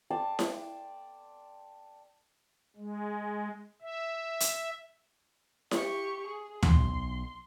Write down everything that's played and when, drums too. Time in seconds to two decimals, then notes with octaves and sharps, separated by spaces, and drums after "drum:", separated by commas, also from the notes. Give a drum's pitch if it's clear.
0.10 D5 G5 A5 C6
0.39 drum: snare E4
2.76 G#3
3.82 E5
4.40 drum: hi-hat
5.71 G4 C#6, drum: snare E4
6.27 G#4
6.63 B1 C6, drum: tom D2